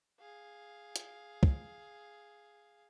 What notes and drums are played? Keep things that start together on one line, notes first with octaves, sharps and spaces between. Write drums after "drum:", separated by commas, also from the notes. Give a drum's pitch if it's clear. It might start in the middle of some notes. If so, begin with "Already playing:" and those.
G#4 F5
drum: hi-hat
drum: kick